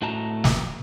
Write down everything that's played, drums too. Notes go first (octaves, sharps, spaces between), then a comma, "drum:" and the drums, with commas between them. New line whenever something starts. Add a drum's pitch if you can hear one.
A2 A3 F#4 D#5 A5 A#5
drum: snare